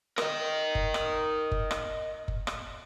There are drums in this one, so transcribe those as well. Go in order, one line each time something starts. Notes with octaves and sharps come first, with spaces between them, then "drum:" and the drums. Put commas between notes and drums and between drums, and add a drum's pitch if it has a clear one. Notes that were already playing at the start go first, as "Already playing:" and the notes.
A#4 D#5, drum: rim click
drum: kick F#1
drum: rim click
drum: kick F#1
drum: rim click
drum: kick F#1
drum: rim click